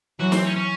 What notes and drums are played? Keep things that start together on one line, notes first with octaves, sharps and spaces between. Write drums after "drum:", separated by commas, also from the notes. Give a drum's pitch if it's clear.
E3 F#3 F#4
C4, drum: snare
C#4
C#4